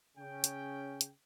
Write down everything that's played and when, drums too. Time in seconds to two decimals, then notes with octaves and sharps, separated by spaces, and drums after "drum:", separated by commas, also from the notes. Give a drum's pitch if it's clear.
0.17 C#3 C#4 G5
0.44 drum: hi-hat
1.01 drum: hi-hat